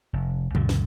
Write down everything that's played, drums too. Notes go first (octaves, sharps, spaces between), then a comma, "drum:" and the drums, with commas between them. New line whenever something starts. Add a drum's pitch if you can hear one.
F1
C#2 F#2 A#2 D3, drum: tom A#2
drum: snare